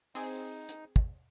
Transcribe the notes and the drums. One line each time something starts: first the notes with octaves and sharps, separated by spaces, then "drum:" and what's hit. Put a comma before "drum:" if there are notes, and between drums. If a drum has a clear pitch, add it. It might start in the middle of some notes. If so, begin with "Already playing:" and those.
C4 D#4 G#4, drum: open hi-hat
drum: hi-hat
drum: kick